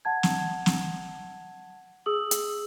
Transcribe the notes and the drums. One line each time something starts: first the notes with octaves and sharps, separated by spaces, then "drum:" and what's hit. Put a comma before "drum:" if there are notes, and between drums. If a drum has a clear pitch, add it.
F#5 A5 G#6
drum: snare
drum: snare
G#4 D#6 E6 F#7
drum: hi-hat